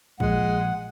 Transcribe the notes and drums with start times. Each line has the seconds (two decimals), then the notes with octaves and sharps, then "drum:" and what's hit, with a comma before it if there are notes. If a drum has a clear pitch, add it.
0.20 A#2 F3 G#3 F#5, drum: kick